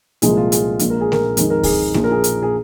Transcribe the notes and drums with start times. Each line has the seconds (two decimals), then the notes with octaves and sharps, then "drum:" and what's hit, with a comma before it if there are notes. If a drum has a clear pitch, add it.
0.22 C2 A#2 F3 G#3 G#4, drum: hi-hat
0.37 F4
0.52 G#4, drum: hi-hat
0.79 A#1 A#2 G#3, drum: hi-hat
0.90 A#4
1.01 G#4
1.12 A#4, drum: snare A3
1.37 F2 D#3 G#3 G#4, drum: hi-hat
1.50 A#4
1.63 G#4, drum: kick C2, open hi-hat
1.94 A#1 A#2 F3 G#4, drum: snare A3
2.04 A#4
2.11 G#4
2.24 drum: hi-hat
2.42 G#4